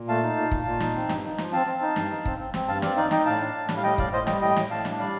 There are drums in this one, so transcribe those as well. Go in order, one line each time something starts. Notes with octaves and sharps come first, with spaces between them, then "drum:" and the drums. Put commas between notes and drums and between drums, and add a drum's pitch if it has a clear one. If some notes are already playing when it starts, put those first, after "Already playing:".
Already playing: A#2
A3 F5 A5
D#4
A#2
A#2, drum: kick
A#2
D#4, drum: snare
C4
G2, drum: snare
D#4
F3, drum: snare
C4 F5 A5
C4
D#4
G2, drum: snare
D#4
C4, drum: kick
C4
C4, drum: snare
G2 F5 A5
C4 D5 F5, drum: snare
D#4 D5 F5
D#4 D#5 G5, drum: snare
A2 F5 A5
D4
A2
G3, drum: snare
F5
A2 D#5 G5
A2 D5 F5, drum: kick
A2 C5 D#5
G3 D#5 G5, drum: snare
A2 D#5 G5
A2, drum: snare
A2 F5 A5
D4, drum: snare
G3 D5 F5